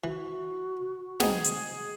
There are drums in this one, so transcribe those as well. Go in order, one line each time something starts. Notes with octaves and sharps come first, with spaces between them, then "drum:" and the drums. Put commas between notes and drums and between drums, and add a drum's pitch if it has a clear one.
E3 F#4
B3 C4 D#4 G#4, drum: snare
drum: hi-hat